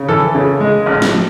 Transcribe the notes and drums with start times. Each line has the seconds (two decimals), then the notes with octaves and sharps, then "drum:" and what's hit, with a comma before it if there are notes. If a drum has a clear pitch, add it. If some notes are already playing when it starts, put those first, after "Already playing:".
Already playing: C#3
0.08 E3 A4
0.35 C#3
0.60 G#3
0.86 A1
1.02 drum: snare